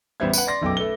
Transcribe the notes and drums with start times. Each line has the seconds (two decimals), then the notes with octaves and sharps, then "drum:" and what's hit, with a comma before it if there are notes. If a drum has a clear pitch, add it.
0.20 A1 G3 B3 C5 E5 G#6
0.33 B4 F#5, drum: tambourine
0.47 D5 C6 A#6
0.62 F#1 B1 B2 A4 G5 D6
0.77 A3 A4 B4 G7